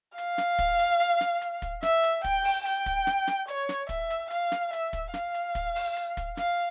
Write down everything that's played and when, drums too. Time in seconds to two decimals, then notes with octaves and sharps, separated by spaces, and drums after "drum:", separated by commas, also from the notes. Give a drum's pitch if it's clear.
0.18 F5, drum: hi-hat
0.38 drum: snare
0.59 drum: kick, hi-hat
0.79 drum: hi-hat
1.00 drum: hi-hat
1.21 drum: snare
1.41 drum: hi-hat
1.62 drum: kick, hi-hat
1.83 E5, drum: snare
2.03 drum: hi-hat
2.24 G5, drum: kick, hi-hat
2.45 drum: open hi-hat
2.65 G5, drum: hi-hat
2.86 drum: kick, hi-hat
3.07 drum: snare
3.27 drum: snare
3.48 C#5, drum: hi-hat
3.69 drum: snare
3.89 E5, drum: kick, hi-hat
4.10 drum: hi-hat
4.30 F5, drum: hi-hat
4.52 drum: snare
4.73 E5, drum: hi-hat
4.93 drum: kick, hi-hat
5.14 F5, drum: snare
5.34 drum: hi-hat
5.55 drum: kick, hi-hat
5.76 drum: open hi-hat
5.96 drum: hi-hat
6.17 drum: kick, hi-hat
6.37 F5, drum: snare